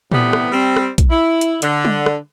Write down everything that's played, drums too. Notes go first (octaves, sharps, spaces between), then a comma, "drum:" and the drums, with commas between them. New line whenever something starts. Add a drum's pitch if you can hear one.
A2 C3 E3 G3 B3, drum: tom A#2
drum: rim click
G3 C4
drum: rim click
drum: kick A#1, hi-hat
E4
drum: hi-hat
D3, drum: hi-hat
drum: tom G3
drum: rim click